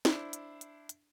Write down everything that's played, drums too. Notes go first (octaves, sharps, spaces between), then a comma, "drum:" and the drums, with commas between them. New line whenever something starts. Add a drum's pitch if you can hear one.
D4 E4 C5, drum: snare
drum: hi-hat
drum: hi-hat
drum: hi-hat